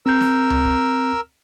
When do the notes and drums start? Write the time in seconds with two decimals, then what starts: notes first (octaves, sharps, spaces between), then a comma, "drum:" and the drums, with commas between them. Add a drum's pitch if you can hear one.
0.06 C4 A#4 E6 G6
0.21 drum: snare
0.50 drum: tom C#2
0.65 drum: kick